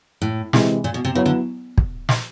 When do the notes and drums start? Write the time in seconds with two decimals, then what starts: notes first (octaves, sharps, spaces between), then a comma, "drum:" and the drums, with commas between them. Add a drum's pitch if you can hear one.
0.22 A2
0.53 C3 E3 G#3 C4, drum: snare
0.84 A#2
0.94 B2
1.05 C3
1.15 C#3 F#3 B3 E4
1.26 D3
1.78 drum: kick
2.09 drum: snare